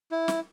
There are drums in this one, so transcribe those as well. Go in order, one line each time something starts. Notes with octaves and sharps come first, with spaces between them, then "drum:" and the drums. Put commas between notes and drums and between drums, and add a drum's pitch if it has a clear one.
E4
drum: snare